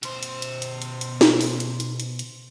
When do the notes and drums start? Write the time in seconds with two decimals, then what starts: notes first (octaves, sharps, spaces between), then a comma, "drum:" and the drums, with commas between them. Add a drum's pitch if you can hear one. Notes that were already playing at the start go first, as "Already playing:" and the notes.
0.03 B2 C5, drum: hi-hat
0.23 drum: hi-hat
0.42 drum: hi-hat
0.62 drum: hi-hat
0.82 drum: hi-hat
1.01 drum: hi-hat
1.21 drum: snare
1.41 drum: open hi-hat
1.60 drum: hi-hat
1.80 drum: hi-hat
2.00 drum: hi-hat
2.19 drum: hi-hat